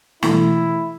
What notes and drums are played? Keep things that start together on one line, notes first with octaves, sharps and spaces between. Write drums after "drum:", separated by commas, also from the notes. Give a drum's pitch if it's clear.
B2 E3 A3 E4, drum: snare